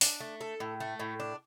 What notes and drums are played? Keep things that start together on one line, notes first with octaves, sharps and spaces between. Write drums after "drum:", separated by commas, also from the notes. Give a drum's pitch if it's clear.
D4, drum: open hi-hat
A3
A4
A2
A3
A2
D4